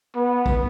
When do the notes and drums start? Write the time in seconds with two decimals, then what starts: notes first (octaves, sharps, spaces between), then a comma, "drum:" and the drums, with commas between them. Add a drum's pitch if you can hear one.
0.16 B3
0.46 drum: kick